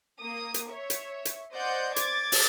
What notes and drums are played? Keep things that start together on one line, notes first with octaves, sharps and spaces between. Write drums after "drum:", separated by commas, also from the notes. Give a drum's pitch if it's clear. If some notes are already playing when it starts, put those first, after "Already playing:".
A#3 D#6
drum: hi-hat
C#5 E5
drum: hi-hat
drum: hi-hat
C5 D5 D#5 F#5 G6
D6 G#6 A6, drum: hi-hat
drum: open hi-hat